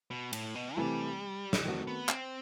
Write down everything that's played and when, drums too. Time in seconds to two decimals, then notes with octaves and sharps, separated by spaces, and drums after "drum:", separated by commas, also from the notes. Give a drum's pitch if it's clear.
0.11 B2
0.33 A2, drum: cymbal
0.55 B2
0.77 C3 E3 G3 A3 E4
1.53 drum: snare
1.65 D#3 A3 C4 F#4
1.87 B3
2.09 C4, drum: clap